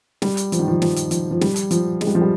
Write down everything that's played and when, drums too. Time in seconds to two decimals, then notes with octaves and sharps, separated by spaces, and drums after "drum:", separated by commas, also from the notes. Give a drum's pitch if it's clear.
0.22 G3, drum: snare
0.37 drum: hi-hat
0.52 F3, drum: hi-hat
0.59 D#3
0.68 F3
0.82 F3, drum: snare
0.96 drum: hi-hat
1.11 F3, drum: hi-hat
1.31 F3
1.41 G3, drum: snare
1.56 drum: hi-hat
1.71 F3, drum: hi-hat
2.01 G#3, drum: snare
2.07 G3
2.15 F3
2.21 G3